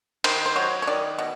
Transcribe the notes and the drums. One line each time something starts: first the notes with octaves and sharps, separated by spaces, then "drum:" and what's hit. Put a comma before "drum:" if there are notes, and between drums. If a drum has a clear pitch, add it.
D#3 C5, drum: cymbal
C5
F#3 C#5
C#5
D#3 D5
B2